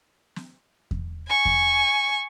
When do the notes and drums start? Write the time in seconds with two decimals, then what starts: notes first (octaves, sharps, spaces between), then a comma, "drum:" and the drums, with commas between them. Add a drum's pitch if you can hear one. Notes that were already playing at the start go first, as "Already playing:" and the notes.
0.36 drum: snare
0.91 drum: kick E2
1.27 G#5 C#6
1.45 drum: kick E2